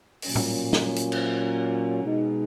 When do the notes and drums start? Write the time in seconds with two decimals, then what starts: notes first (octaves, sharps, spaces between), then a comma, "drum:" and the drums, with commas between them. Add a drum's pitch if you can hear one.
0.22 A#2 F#3 C#4, drum: open hi-hat
0.35 drum: tom A2
0.73 drum: snare
0.96 drum: hi-hat
1.12 drum: cymbal
2.02 B2 G#3 D#4